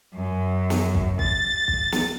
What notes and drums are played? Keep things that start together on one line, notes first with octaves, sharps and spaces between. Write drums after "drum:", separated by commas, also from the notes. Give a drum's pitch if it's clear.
F#2
drum: snare
drum: kick
A6, drum: kick
drum: kick
drum: snare